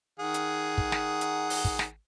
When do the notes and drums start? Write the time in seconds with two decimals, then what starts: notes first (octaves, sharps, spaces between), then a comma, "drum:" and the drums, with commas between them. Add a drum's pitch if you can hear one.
0.20 D#3 G#4 F#5
0.34 drum: hi-hat
0.78 drum: kick
0.92 drum: snare
1.21 drum: hi-hat
1.50 drum: open hi-hat
1.65 drum: kick
1.79 drum: snare